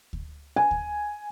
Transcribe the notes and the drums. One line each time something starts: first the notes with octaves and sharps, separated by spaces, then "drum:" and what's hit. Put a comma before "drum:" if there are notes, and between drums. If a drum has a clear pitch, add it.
drum: kick D2
G#5
drum: kick D2